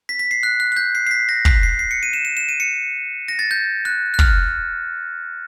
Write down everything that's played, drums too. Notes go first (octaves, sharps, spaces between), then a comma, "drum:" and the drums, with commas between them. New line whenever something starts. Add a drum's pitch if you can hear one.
B6
B6
C7
F#6
F#6
F#6
G6
C7
C7
B6
A#6
B6, drum: kick
C7
C7
C#7
D#7
E7
E7
E7
D#7
C#7
A#6
A6
G6
F#6
F#6
F6, drum: kick